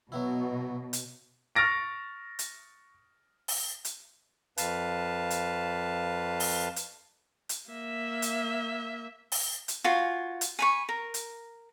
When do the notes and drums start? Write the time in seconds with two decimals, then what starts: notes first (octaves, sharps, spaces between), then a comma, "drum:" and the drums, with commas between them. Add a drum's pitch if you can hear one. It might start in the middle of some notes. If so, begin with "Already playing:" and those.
0.12 B2 F#3 B3 E4
0.93 drum: hi-hat
1.55 C#6 F6 A6 A#6 D7
2.39 drum: hi-hat
3.48 drum: open hi-hat
3.85 drum: hi-hat
4.58 F2 B4 F5 A5, drum: hi-hat
5.30 drum: hi-hat
6.40 drum: open hi-hat
6.76 drum: hi-hat
7.49 drum: hi-hat
7.70 A#3 E5
8.22 drum: hi-hat
9.32 drum: open hi-hat
9.68 drum: hi-hat
9.84 F4 F#4 G#5
10.41 drum: hi-hat
10.59 G#5 B5 C#6
10.89 A#4
11.14 drum: hi-hat